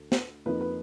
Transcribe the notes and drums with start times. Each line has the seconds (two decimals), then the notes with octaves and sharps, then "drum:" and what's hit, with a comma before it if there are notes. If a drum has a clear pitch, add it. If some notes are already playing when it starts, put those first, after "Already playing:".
Already playing: D2
0.12 drum: snare
0.45 F2 F3 A#3 D#4 B4
0.61 B4